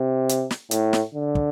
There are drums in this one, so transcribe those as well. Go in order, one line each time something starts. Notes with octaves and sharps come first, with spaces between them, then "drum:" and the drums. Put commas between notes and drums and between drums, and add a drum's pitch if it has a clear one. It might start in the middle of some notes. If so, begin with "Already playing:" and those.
Already playing: C3
drum: hi-hat
drum: snare
A2, drum: hi-hat
drum: snare
D3
drum: kick